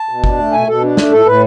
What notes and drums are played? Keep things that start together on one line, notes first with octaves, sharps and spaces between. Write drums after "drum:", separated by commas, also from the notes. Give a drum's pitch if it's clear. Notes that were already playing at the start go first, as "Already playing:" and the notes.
Already playing: A5
B2
D4, drum: kick G1
A3
B2 G#5
B2 A4
D4
A3, drum: snare
A2 A4
A2 B4